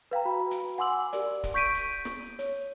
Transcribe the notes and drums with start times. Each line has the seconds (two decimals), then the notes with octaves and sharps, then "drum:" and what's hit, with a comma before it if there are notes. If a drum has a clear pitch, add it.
0.11 B4 F5 G5 A#5
0.25 F#4 B5
0.51 drum: hi-hat
0.78 F#5 G#5 C6 D6 E6 F#7
1.13 G4 A#4 D5, drum: hi-hat
1.44 drum: kick C#1, hi-hat
1.54 C#6 G6 B6 D7 D#7
1.74 drum: hi-hat
2.05 drum: snare
2.39 C#5, drum: hi-hat